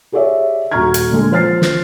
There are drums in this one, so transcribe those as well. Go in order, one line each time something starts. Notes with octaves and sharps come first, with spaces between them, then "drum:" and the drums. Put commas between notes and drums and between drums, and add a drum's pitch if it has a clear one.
G4 G#4 C#5 D5 E5
D#1 F#4 A#5 C#6 F6 G#6
drum: hi-hat
A#2 D3 G#3
F3 C5 F6 A6 C7
drum: snare